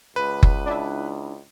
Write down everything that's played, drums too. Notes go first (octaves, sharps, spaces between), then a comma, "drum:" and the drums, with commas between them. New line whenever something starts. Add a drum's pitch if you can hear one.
C#2 B4
drum: kick F#1
D4 E4